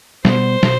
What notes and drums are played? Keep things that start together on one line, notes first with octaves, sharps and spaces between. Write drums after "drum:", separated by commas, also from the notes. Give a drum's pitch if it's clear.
B2 G3 B3 C5, drum: snare
B2, drum: snare